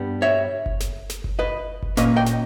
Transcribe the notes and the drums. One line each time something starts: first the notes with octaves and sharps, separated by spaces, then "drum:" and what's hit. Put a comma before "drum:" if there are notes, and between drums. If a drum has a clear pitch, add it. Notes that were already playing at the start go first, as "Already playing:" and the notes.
Already playing: G2 G3 B3
C#5 E5
drum: kick F#1
drum: snare
drum: snare
drum: kick F#1
B4 D#5
drum: kick F#1
A#2 A#3 C#4 B4 D#5, drum: snare
D#5 G5
drum: snare